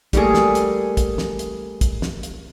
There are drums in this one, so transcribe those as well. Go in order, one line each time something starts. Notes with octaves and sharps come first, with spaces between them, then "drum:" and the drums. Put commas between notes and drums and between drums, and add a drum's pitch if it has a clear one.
G3 A3 A#3 G#4, drum: kick, hi-hat
drum: snare
drum: hi-hat
drum: kick, hi-hat
drum: snare
drum: hi-hat
drum: kick, hi-hat
drum: snare
drum: hi-hat